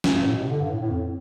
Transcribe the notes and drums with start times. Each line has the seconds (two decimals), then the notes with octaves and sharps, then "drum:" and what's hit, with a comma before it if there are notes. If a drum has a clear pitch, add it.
0.04 drum: snare
0.14 G2
0.23 A2
0.32 B2
0.41 C3
0.49 D3
0.61 G2
0.70 A2
0.81 A2
0.90 F2